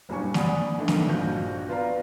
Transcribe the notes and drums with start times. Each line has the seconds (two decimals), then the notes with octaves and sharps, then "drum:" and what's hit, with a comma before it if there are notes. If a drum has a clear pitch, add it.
0.09 F#1 A#2 G3 D4 G#5 C#6
0.34 D5 F#5 G#5 B5 D#6, drum: snare
0.78 D3 D#3 A3 B3 D4 D#4
0.88 drum: snare
1.07 A#1 G2 F3 F#4 G6
1.68 B3 F4 B4 D5 F5 A#5